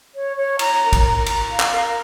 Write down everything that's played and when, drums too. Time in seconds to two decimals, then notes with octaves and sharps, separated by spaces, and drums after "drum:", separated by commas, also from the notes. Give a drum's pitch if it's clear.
0.14 C#5
0.36 C#5
0.59 A#5, drum: cymbal
0.81 A#4
0.93 drum: kick, cymbal
1.04 A#5
1.26 A#5, drum: cymbal
1.48 F5
1.60 drum: clap
1.71 A#4